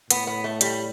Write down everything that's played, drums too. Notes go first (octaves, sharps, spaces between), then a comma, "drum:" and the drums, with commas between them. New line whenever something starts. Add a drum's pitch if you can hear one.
A2 B3, drum: hi-hat
B3
A3
G3, drum: hi-hat